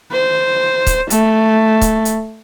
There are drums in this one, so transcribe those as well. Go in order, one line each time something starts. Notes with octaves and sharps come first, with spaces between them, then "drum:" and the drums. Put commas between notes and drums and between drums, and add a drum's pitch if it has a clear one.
C5
drum: kick C#1, hi-hat
A3, drum: hi-hat
drum: kick C#1, hi-hat
drum: hi-hat